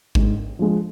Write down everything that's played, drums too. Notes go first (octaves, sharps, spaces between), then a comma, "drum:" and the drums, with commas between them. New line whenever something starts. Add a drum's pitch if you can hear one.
G#2, drum: kick G#1
F3 G#3